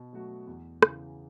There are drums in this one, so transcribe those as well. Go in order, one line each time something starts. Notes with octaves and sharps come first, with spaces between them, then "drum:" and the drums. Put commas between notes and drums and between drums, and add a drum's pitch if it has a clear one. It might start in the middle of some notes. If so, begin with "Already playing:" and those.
Already playing: B2
F#3 A3 F#4
E2
C#3 E3, drum: rim click